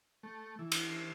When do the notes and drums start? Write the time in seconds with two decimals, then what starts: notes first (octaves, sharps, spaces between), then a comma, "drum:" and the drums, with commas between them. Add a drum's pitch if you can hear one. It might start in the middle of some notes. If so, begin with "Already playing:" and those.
0.23 A3
0.59 E3
0.72 drum: cymbal